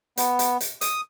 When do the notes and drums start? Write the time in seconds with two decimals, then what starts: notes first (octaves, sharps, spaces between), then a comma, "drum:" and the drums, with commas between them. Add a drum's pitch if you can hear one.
0.17 B3, drum: hi-hat
0.39 drum: hi-hat
0.61 drum: hi-hat
0.81 D#6, drum: hi-hat